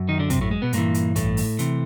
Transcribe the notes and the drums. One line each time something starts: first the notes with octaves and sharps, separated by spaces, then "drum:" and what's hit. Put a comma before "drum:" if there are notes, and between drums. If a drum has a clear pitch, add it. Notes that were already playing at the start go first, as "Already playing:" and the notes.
Already playing: F#2
D#3 D#4
D3 D4
C3 C4, drum: kick, hi-hat
A2 A3
G#3
B2 B3
G2 A#2 E3 A#3, drum: hi-hat
drum: hi-hat
A2 A3, drum: kick, hi-hat
drum: open hi-hat
C3 E3, drum: hi-hat